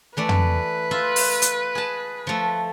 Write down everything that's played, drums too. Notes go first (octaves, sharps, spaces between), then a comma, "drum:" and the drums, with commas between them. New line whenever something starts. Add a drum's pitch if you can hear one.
E3 A3 B4 D5
drum: tom
F4 E5 B5
drum: open hi-hat
drum: hi-hat
G#4 A5
F3 A3